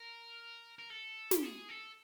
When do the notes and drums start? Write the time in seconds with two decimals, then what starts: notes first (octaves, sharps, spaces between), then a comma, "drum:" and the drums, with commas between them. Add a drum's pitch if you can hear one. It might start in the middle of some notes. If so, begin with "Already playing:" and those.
Already playing: A#4
0.78 A#4
0.90 A4
1.31 G4, drum: snare
1.43 G#4
1.69 A4